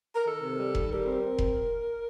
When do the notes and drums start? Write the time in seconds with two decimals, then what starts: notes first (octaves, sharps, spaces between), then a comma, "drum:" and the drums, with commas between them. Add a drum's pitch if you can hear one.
0.15 A#4
0.26 D#3 A4
0.42 C3
0.59 G3
0.75 D#3, drum: kick F1
0.91 G3 A#4
1.06 C4
1.22 C4
1.39 drum: kick F1